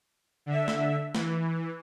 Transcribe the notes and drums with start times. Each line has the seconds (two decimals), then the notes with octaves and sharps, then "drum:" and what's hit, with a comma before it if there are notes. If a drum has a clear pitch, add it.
0.46 D3 E5
0.68 drum: snare
1.15 E3, drum: snare